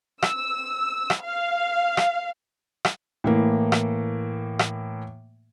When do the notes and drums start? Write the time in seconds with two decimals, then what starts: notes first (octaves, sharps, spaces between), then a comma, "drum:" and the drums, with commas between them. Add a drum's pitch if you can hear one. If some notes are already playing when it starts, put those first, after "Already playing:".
0.22 E6, drum: rim click
1.10 drum: rim click
1.21 F5
1.97 drum: rim click
2.85 drum: rim click
3.24 A2 E3 A#3
3.72 drum: rim click
4.59 drum: rim click